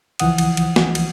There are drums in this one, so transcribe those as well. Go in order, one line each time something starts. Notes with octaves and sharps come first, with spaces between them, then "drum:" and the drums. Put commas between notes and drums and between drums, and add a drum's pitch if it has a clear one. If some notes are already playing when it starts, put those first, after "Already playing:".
C#2 E3 F3 F#5 D#6, drum: cymbal
drum: cymbal
drum: cymbal
drum: snare
drum: cymbal